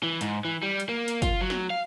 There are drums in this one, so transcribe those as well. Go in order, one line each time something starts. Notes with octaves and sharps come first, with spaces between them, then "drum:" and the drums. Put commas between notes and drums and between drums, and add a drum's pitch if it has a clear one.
E3
G#2, drum: hi-hat
E3
G3
drum: hi-hat
A#3
drum: hi-hat
F4, drum: kick, hi-hat
F#3
drum: snare
F5